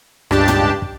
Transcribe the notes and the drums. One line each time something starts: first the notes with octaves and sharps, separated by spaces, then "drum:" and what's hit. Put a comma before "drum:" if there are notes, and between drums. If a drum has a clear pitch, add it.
C#2 G2 D4 G4 A5, drum: rim click
drum: tom
drum: kick